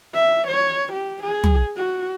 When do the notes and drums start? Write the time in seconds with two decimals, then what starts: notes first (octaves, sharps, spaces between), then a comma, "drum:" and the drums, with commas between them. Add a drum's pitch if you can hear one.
0.14 E5
0.48 C#5
0.93 G4
1.23 G#4
1.44 drum: tom
1.76 F#4